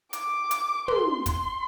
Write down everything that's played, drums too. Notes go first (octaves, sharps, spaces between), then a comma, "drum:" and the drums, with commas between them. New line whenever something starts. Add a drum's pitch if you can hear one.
D6, drum: hi-hat
drum: hi-hat
C6, drum: tom
C6, drum: kick, hi-hat